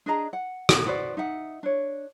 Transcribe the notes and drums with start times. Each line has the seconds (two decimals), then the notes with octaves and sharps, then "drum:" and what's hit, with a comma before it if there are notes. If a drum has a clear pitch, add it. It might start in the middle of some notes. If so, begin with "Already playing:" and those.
0.06 D4 G#4 D#5 A#5
0.33 F#5
0.69 drum: rim click
0.86 F#4 B4 C5 D5
1.17 D#4 E5 F#5
1.63 D4 C#5